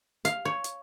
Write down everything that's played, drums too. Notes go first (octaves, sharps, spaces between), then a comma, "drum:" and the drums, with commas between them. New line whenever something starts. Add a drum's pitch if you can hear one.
F5, drum: hi-hat
C#5
drum: hi-hat